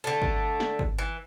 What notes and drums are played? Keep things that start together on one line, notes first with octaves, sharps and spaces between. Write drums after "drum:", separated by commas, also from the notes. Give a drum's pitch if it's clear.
D3 A3
drum: kick
drum: snare
drum: kick
E3